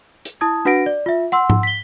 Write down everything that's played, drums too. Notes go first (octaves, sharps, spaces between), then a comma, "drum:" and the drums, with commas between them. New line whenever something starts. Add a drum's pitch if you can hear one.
drum: hi-hat
E4 A5 D#6 G#6
D4 F#4 B4 F#5 A#6 D7
D5
F4 E5
F#5 C6 E6
drum: tom G#2
B6 G7